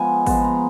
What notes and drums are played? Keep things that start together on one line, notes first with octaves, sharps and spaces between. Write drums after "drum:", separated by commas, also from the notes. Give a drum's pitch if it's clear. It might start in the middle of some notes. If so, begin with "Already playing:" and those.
Already playing: F3 G#3 B3 G#5
F3 G#3 B3 A5, drum: kick G#1, open hi-hat
A#5